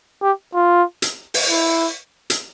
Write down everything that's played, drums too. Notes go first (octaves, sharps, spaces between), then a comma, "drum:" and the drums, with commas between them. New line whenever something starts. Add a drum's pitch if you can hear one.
G4
F4
drum: hi-hat
drum: open hi-hat
E4
drum: hi-hat